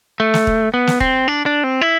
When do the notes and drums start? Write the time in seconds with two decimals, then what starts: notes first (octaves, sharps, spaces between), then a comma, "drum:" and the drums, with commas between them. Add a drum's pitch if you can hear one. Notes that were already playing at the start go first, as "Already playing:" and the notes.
0.20 A3
0.34 drum: snare
0.47 drum: kick
0.74 B3
0.87 drum: snare
1.00 C4, drum: kick
1.28 D4
1.46 D4
1.64 C4
1.81 E4